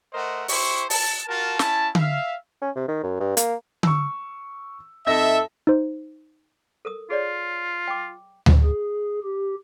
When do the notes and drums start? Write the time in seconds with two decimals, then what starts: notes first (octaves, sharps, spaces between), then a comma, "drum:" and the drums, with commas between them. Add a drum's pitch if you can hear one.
0.13 A3 A#4 C5 D#5 F#5
0.48 E4 G4 C5 C#6, drum: open hi-hat
0.90 A5, drum: open hi-hat
1.27 F4 F#4 A#4 A5
1.59 C#4 E4 A5, drum: snare
1.95 E5 F5, drum: tom D3
2.62 C#4
2.76 C3
2.88 D#3
3.04 F#2
3.20 G2
3.37 A#3, drum: hi-hat
3.83 C#6 E6, drum: tom D3
5.07 F2 D#4 A4 E5 A#6
5.67 D#4 C5
6.85 A4 A#4 D#6
7.10 F4 G#4 C#5 D5
7.88 G5 D6
8.46 drum: tom D2
8.63 G#4
9.24 G4